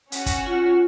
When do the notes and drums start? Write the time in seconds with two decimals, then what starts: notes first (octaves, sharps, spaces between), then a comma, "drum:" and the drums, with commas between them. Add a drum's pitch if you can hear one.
0.12 C#4 F#4, drum: hi-hat
0.26 drum: kick, hi-hat
0.46 F4